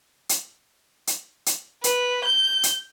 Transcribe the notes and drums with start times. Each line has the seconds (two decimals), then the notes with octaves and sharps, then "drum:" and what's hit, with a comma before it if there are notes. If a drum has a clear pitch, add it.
0.29 drum: hi-hat
1.07 drum: hi-hat
1.46 drum: hi-hat
1.84 B4, drum: hi-hat
2.24 G6
2.63 drum: hi-hat